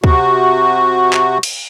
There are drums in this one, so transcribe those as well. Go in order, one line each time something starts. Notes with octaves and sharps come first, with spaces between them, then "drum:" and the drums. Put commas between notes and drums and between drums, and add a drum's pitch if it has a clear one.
C3 F#4, drum: kick D2
drum: clap
drum: cymbal